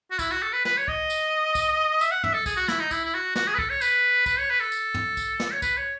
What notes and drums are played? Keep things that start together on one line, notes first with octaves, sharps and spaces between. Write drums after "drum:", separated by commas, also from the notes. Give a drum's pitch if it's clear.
F#4
E4, drum: kick C2, tambourine
F#4
A4
B4
B4, drum: snare
C#5
D#5, drum: kick C2
drum: tambourine
drum: kick C2, tambourine
E5, drum: tambourine
F#5
E5, drum: tom
A4
G#4, drum: kick C2, tambourine
F#4
E4, drum: snare
D#4
E4, drum: kick C2, tambourine
E4
F#4
F#4, drum: snare
G#4
B4
A4, drum: kick C2
C#5
B4, drum: tambourine
B4, drum: kick C2, tambourine
C#5
B4
A4
drum: tambourine
drum: tom
drum: kick C2, tambourine
drum: snare
C#5
B4, drum: kick C2, tambourine
C#5